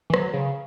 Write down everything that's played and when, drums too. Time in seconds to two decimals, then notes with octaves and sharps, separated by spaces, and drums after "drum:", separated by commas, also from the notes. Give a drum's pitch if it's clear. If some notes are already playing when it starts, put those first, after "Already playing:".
0.10 E3
0.14 F#3, drum: rim click
0.33 C#3